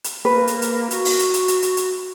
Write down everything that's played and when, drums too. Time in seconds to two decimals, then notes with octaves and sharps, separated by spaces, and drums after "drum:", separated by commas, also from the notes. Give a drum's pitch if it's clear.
0.04 drum: hi-hat
0.25 A#3 B4
0.47 drum: hi-hat
0.62 drum: hi-hat
0.91 F#4, drum: hi-hat
1.05 drum: open hi-hat
1.19 drum: hi-hat
1.34 drum: hi-hat
1.48 drum: hi-hat
1.62 drum: hi-hat
1.77 drum: hi-hat